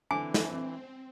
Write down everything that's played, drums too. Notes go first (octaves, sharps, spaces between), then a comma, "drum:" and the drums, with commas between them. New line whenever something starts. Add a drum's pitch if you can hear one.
D3 E3 C4 G#5 D6
drum: snare